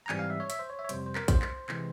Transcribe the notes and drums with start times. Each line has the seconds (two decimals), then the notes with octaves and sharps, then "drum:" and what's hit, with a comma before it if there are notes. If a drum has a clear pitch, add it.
0.06 A#5
0.09 G#2 E3 G3 C4 G#5, drum: clap
0.19 F5
0.30 E5
0.40 C#5
0.50 E5, drum: hi-hat
0.59 C5
0.70 C#5
0.79 E5
0.84 C#5
0.89 F2 C3 G3 C5, drum: hi-hat
1.06 C5
1.15 A#4, drum: clap
1.28 C5, drum: kick A#1, hi-hat
1.42 drum: clap
1.69 C3 E3 G#3 C4, drum: clap